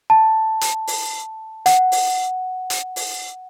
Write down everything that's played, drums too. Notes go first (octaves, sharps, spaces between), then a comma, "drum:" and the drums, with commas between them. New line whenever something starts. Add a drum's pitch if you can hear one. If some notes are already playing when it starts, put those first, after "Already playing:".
A5
drum: hi-hat
drum: open hi-hat
F#5, drum: hi-hat
drum: open hi-hat
drum: hi-hat
drum: open hi-hat